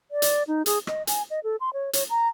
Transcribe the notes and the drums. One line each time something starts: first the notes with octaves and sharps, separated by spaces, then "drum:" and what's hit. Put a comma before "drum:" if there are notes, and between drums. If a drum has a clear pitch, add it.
D5
drum: hi-hat
D#4
G#4, drum: hi-hat
D#5, drum: rim click
G#5, drum: hi-hat
D#5
A4
C6
C#5
C#5, drum: hi-hat
A#5